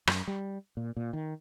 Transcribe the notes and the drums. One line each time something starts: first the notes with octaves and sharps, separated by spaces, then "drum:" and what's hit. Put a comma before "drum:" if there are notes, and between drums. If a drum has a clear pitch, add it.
F#2, drum: rim click
G3
A#2
A#2
D#3